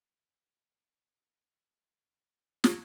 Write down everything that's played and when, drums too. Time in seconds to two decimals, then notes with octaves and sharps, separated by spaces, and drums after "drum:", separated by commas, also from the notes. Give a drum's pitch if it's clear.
0.57 A#3 A#5
2.64 drum: snare